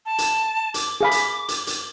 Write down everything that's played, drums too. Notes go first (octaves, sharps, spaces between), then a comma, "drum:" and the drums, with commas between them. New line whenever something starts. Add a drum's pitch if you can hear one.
A5
drum: hi-hat
D6, drum: hi-hat
G#4 F5 B5
drum: hi-hat
drum: hi-hat
drum: hi-hat